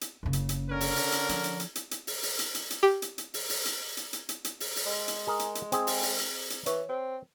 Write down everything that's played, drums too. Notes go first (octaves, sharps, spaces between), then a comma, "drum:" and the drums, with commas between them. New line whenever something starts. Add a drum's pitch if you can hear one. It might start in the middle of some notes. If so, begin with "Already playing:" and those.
drum: hi-hat
F#1 C#3
drum: hi-hat
drum: hi-hat
D3 C#4 A#4
drum: open hi-hat
drum: open hi-hat
drum: hi-hat
F3, drum: hi-hat
drum: hi-hat
drum: hi-hat
drum: hi-hat
drum: hi-hat
drum: open hi-hat
drum: open hi-hat
drum: hi-hat
drum: hi-hat
drum: hi-hat
G4
drum: hi-hat
drum: hi-hat
drum: open hi-hat
drum: open hi-hat
drum: hi-hat
drum: hi-hat
drum: hi-hat
drum: hi-hat
drum: hi-hat
drum: open hi-hat
drum: open hi-hat
G#3
drum: hi-hat
G#4 A#4
drum: hi-hat
drum: hi-hat
C4 G#4, drum: hi-hat
drum: open hi-hat
drum: open hi-hat
drum: hi-hat
drum: hi-hat
E3 C#5, drum: hi-hat
C4